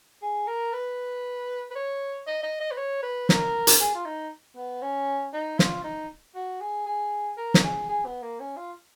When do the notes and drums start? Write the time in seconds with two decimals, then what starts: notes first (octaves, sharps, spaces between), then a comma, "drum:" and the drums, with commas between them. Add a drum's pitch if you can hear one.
0.22 G#4
0.48 A#4
0.73 B4
1.71 B4
1.76 C#5
2.27 D#5
2.43 D#5
2.60 D#5
2.71 B4
2.78 C#5
3.03 B4
3.29 A#4, drum: snare
3.67 drum: hi-hat
3.80 G#4
3.95 F4
4.06 D#4
4.57 B3
4.82 C#4
5.33 D#4
5.59 F4, drum: snare
5.84 D#4
6.35 F#4
6.61 G#4
6.86 G#4
7.38 A#4
7.54 drum: snare
7.64 G#4
7.89 G#4
8.05 B3
8.23 A#3
8.40 C#4
8.57 F4